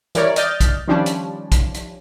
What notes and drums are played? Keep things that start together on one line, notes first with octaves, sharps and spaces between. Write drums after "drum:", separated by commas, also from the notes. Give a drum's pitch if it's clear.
E3 G3 A#4 C#5 D5, drum: hi-hat
D5 D#5 F6 G6 A6, drum: hi-hat
drum: kick, hi-hat
D#3 F3 G3 C#4 D4
drum: hi-hat
drum: kick, hi-hat
drum: hi-hat